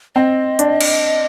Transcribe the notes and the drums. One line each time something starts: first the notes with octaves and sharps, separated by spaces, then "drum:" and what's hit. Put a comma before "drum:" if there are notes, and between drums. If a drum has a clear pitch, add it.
C4 D#5
D4, drum: hi-hat
drum: cymbal